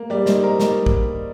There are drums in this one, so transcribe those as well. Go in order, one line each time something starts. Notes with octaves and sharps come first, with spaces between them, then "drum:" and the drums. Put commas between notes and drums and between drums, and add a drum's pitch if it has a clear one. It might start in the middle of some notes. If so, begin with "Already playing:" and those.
Already playing: A#3
G3 D5
D#4 C5, drum: snare
D#4 A#4
D#4, drum: snare
drum: kick